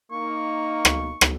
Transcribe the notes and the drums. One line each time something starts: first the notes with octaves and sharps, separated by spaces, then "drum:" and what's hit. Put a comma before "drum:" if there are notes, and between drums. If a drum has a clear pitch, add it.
A#3 D#4 C#6
drum: rim click
drum: rim click